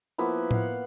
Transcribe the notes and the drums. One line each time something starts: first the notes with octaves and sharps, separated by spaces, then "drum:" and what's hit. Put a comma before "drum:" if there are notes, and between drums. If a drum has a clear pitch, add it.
F3 A#3 B3 E4
F5 F#5, drum: tom A2